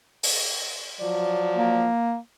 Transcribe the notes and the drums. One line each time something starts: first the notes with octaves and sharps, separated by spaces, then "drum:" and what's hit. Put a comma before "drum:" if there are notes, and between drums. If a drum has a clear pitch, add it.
drum: open hi-hat
F3 F#3 D5
A#3